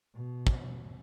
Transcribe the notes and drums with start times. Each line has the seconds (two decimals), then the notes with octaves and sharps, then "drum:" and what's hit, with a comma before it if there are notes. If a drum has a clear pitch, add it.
0.14 B2
0.47 drum: kick